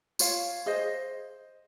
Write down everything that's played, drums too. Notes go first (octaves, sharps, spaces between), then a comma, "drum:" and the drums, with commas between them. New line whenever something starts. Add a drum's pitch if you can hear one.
F4 C#5 F5, drum: tambourine
G#4 C5 D#5